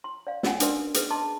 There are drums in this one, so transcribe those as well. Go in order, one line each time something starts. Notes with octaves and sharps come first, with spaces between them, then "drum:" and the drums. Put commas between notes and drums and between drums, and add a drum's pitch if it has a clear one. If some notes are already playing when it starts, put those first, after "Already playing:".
C6
D5 F5
C#4 F#4 F#5 G#5, drum: snare
D4 A#4 B4 D5 C6, drum: hi-hat
G#4 B4, drum: hi-hat
D#5 A5 C6 D6